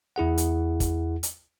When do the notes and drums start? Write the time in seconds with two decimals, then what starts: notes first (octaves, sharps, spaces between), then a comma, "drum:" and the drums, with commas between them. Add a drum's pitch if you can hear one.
0.16 E2 E4 G#4 F#5
0.38 drum: hi-hat
0.80 drum: kick, hi-hat
1.23 drum: hi-hat